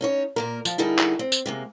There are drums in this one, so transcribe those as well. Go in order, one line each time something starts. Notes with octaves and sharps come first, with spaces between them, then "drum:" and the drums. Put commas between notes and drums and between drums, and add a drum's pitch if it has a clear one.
C#4 D#4 C#5
A#2 A#3 A#4
F3, drum: tambourine
D3 G3 D#4 E4 G#4 A#4
drum: clap
C4
drum: tambourine
C3 G#3 A#3